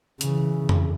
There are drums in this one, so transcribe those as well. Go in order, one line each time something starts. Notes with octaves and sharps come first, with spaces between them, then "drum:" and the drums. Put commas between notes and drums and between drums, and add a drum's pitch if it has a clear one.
C#3 E3, drum: hi-hat
drum: tom F2